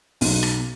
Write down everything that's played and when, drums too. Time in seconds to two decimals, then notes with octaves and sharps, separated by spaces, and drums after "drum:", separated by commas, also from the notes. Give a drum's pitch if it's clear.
0.21 B1, drum: open hi-hat
0.43 drum: rim click